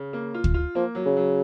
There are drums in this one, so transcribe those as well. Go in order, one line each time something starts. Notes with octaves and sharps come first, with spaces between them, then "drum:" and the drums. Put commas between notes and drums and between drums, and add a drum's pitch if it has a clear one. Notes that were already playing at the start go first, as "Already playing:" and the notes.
Already playing: C#3
A#3
F4
drum: kick
F4
F3 A#3
F#3
C#3
F#3